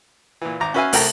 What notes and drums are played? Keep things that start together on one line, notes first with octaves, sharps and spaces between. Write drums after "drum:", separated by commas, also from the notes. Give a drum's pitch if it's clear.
A#2 E3
G#1 A#5 D6
C#4 F#4 B4 E5 F5 G#5
C2 A3 A#4 G5 A5 A#5, drum: open hi-hat